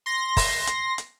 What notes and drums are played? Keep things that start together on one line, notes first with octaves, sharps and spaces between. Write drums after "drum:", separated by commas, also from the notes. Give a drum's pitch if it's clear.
C6 A#6
drum: kick, open hi-hat
drum: hi-hat
drum: hi-hat